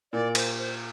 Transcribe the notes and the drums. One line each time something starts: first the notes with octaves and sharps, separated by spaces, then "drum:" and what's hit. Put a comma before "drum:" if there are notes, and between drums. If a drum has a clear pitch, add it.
A#2 D5
C5, drum: cymbal
C5